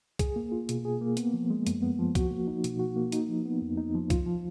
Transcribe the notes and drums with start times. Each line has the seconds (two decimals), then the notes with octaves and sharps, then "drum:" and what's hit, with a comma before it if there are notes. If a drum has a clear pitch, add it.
0.19 G#4, drum: kick C2, hi-hat
0.36 A#3
0.52 F4
0.69 B2, drum: hi-hat
0.85 G#4
1.01 A#3
1.17 B3, drum: hi-hat
1.34 F3
1.50 G#3
1.67 F#2, drum: hi-hat
1.82 B3
1.99 F3
2.15 F#4, drum: kick C2, hi-hat
2.31 A#3
2.48 D#4
2.64 B2, drum: hi-hat
2.79 F#4
2.96 A#3
3.12 D#4, drum: hi-hat
3.29 F3
3.45 B3
3.62 F2
3.77 D#4
3.94 F3
4.10 F4, drum: kick C2, hi-hat
4.26 F3